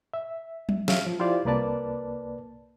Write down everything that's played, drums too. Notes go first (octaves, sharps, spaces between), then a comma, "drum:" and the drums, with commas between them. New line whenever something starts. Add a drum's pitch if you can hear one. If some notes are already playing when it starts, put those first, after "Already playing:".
E5
drum: tom F#3
C#4 E5 F5, drum: snare
F3
E4 F4 G4 C5 D5 F5
C2 A#3 B4 D5 A5